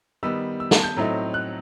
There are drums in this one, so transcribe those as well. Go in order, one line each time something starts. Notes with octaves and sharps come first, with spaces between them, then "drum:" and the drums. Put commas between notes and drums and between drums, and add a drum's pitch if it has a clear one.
D#3 G3 B3 D#4 E6
E6
A5, drum: snare
G6
A2 F#3 A3 C4 D#4
F#6